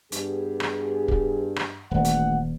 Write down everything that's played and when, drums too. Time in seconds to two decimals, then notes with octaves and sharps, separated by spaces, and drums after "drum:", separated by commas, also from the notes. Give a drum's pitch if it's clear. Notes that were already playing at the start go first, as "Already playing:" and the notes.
0.12 G2 B3 G4 G#4, drum: hi-hat
0.60 drum: rim click
1.08 drum: kick
1.56 drum: rim click
1.91 D#1 A1 F#5
2.05 drum: hi-hat